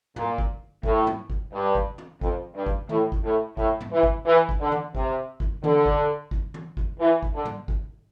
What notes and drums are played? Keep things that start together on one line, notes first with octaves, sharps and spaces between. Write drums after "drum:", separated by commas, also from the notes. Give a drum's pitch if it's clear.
A#2, drum: tom
drum: kick
A2, drum: kick
drum: tom
drum: kick
G2
drum: kick
drum: tom
F2, drum: kick
G2
drum: kick
A2, drum: tom
drum: kick
A2
A2, drum: kick
drum: tom
E3
drum: kick
E3
drum: kick
D3
drum: tom
C3, drum: kick
drum: kick
D3, drum: tom
drum: kick
drum: kick
drum: tom
drum: kick
E3
drum: kick
D3
drum: tom
drum: kick